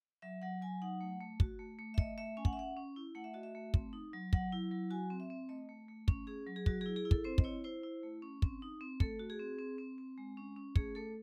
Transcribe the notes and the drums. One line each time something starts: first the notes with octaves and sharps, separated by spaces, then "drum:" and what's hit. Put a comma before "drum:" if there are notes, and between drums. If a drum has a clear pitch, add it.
F#3 E5
F#3 F#5
F#3 G#5
D#4 F#5
A3
A3
F#4, drum: kick
A3
A3
E5
A3 D#5, drum: kick
A3 E5
C#4 G#5
F#5, drum: kick
E5
C#4 F#5
C#4
E4
A3 F#5
E5
F#4 D#5
E5
A3
C4, drum: kick
D#4
F#3
F#3 F#5, drum: kick
E4
F#3
F#4 G#5
C4
E5
C4
A3 D#5
A3
A3
C#4, drum: kick
C#4 G#4
F#3
G#4
F#3 F#4, drum: kick
G#4
E4
G#4
E4
A4, drum: kick
C4 C5
D#5, drum: kick
E4 C#5
E4 C5
E4
A3
C#4
C4, drum: kick
D#4
C4
A3 A4, drum: kick
F#4
G#4
C4
C4
C4
C4
G#3
C#4
C#4
A3 G#4, drum: kick
A3 A4